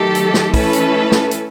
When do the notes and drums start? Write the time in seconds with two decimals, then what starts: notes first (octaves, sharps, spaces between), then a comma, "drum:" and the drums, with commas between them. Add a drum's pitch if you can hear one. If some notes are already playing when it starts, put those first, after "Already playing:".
Already playing: D#3 F#3 A3 G4 A4
0.15 drum: hi-hat
0.34 drum: snare
0.54 E3 A3 C#4 E4 A4 B4, drum: kick, open hi-hat
0.73 drum: hi-hat
1.12 drum: snare
1.31 drum: hi-hat